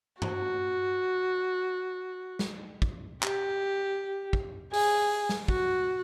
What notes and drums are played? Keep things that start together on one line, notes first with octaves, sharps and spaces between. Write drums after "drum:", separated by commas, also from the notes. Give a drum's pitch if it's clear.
F#4, drum: tom G2
drum: snare
drum: kick
G4, drum: clap
drum: kick
G#4, drum: open hi-hat
drum: snare
F#4, drum: kick